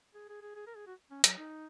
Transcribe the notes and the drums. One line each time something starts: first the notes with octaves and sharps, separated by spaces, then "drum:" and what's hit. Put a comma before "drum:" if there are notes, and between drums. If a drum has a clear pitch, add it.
G#4
G#4
G#4
G#4
A#4
G#4
F#4
C#4
F#3, drum: hi-hat
D#4